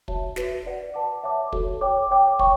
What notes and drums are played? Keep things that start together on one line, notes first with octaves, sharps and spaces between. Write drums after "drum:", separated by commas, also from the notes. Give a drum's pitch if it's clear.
F#4 C#5 E5 A5, drum: kick
F#4 B4 E5, drum: snare
B4 D5 F#5
B4 F#5 A5 D6
C#5 E5 A5 D6
F#4 A4 C#5, drum: kick
C#5 G5 D6
C#5 G5 D6
C#5 G5 C#6, drum: kick